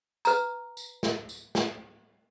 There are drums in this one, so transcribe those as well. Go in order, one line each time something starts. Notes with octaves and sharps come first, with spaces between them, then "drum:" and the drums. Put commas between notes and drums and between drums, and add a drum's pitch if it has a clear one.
B4 A#5, drum: tambourine
drum: tambourine
drum: snare
drum: tambourine
drum: snare